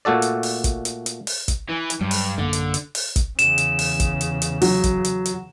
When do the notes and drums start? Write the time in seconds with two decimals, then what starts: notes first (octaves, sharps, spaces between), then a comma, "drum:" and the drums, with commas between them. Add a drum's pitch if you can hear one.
0.05 A#2 A3 F#4 A4 D5
0.22 drum: hi-hat
0.43 drum: open hi-hat
0.64 drum: kick, hi-hat
0.85 drum: hi-hat
1.06 drum: hi-hat
1.27 drum: open hi-hat
1.48 drum: kick, hi-hat
1.69 E3
1.90 drum: hi-hat
2.01 G2 F#3
2.11 drum: open hi-hat
2.38 A1 F#2 D3 A#3
2.53 drum: hi-hat
2.74 drum: hi-hat
2.95 drum: open hi-hat
3.16 drum: kick, hi-hat
3.39 E2 C#3 E7, drum: hi-hat
3.58 drum: hi-hat
3.79 drum: open hi-hat
4.00 drum: kick, hi-hat
4.21 drum: hi-hat
4.42 drum: hi-hat
4.62 F#3, drum: open hi-hat
4.84 drum: kick, hi-hat
5.04 drum: hi-hat
5.25 drum: hi-hat